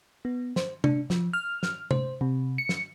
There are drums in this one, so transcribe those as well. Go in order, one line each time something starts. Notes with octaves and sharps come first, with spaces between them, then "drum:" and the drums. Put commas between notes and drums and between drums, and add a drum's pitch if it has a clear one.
B3
C5, drum: snare
D4, drum: tom C3
F3, drum: snare
F6
drum: snare
C5, drum: tom C3
C3
C#7
drum: snare